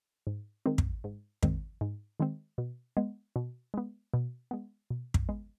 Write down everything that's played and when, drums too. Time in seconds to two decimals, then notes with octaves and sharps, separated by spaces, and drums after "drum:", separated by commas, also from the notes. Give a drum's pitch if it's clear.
0.27 G#2
0.66 D#3 G#3 C4
0.78 drum: kick
1.04 G#2
1.43 D#3 G#3 C4, drum: kick
1.81 G#2
2.20 D#3 G#3 C4
2.58 B2
2.97 G#3 B3
3.36 B2
3.74 G#3 B3
4.14 B2
4.51 G#3 B3
4.90 B2
5.14 drum: kick
5.29 G#3 B3